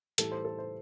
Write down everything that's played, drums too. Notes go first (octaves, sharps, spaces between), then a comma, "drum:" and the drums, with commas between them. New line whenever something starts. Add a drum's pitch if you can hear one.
A2 E3 G3 A4, drum: hi-hat
C5
A4
C5